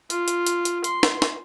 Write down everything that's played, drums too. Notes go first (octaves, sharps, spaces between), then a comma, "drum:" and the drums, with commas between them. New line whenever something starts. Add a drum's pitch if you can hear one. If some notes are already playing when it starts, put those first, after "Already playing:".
F4, drum: hi-hat
drum: hi-hat
drum: hi-hat
drum: hi-hat
C6, drum: hi-hat
drum: snare
drum: snare